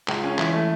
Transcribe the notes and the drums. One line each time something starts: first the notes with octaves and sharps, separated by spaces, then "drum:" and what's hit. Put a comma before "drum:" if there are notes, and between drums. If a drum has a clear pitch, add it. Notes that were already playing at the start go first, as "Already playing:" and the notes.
C#2 G#3, drum: clap
C#4
E3 E4, drum: clap
A3